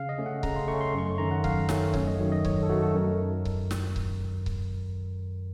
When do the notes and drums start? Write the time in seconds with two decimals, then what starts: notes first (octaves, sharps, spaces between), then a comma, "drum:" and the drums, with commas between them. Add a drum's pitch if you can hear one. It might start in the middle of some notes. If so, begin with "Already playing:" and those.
Already playing: C#3 F5
0.09 D#5
0.18 A3 C#4
0.26 F#5
0.43 C#3 A#5, drum: kick C#1
0.56 C6
0.68 A3 C#6
0.73 C#4
0.81 C6
0.94 F#2 C#6
1.06 C6
1.18 D#3 A3 C#4 A#5
1.31 F#5
1.44 F#2 F5, drum: kick C#1
1.69 D#3 A3 C#4, drum: snare
1.94 F#2 C#5, drum: kick C#1
2.07 D#5
2.19 D#3 F#3 A3
2.32 D#5
2.45 F#2 C#5, drum: kick C#1
2.63 A4
2.69 D#3 F#3 A3 F#4
2.82 A4
2.94 F#2 A#4
3.45 drum: kick C#1
3.71 drum: snare
3.96 drum: kick C#1
4.46 drum: kick C#1